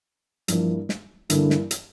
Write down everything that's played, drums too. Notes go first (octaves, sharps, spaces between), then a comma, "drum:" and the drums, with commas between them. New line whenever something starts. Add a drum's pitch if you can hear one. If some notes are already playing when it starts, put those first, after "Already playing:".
G2 E3 F3 A#3, drum: hi-hat
drum: snare
G2 D3 E3 A#3, drum: hi-hat
drum: snare
drum: hi-hat